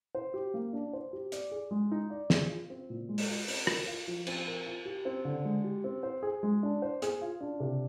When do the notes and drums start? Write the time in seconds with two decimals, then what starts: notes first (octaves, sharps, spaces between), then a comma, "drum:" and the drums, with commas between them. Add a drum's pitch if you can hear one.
0.15 C5
0.34 G4
0.54 A#3
0.73 D4
0.93 C5
1.13 G4
1.32 D5, drum: hi-hat
1.51 G#4
1.71 G#3
1.91 D#4
2.10 D5
2.30 G#4, drum: snare
2.49 F4
2.70 C4
2.90 A#2
3.09 G#3
3.18 drum: open hi-hat
3.28 F4
3.48 C4, drum: open hi-hat
3.67 A#4, drum: rim click
3.87 F4
4.07 F3
4.27 C4, drum: cymbal
4.47 A#4
4.66 F4
4.85 G4
5.05 C4
5.25 D3
5.45 G#3
5.64 G4
5.84 C4
6.03 C5
6.23 G#4
6.43 G#3
6.63 D4
6.82 C5
7.02 G#4, drum: hi-hat
7.21 F4
7.41 D4
7.60 C3